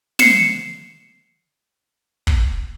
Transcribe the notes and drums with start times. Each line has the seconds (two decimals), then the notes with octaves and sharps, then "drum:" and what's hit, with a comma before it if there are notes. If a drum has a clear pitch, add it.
0.19 C7 C#7 E7, drum: snare
2.27 drum: kick